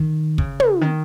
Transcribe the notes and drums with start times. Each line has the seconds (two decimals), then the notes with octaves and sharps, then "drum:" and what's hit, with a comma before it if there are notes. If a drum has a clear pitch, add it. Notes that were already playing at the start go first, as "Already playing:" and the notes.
Already playing: D#3
0.38 C#3, drum: kick
0.60 drum: tom
0.81 D#3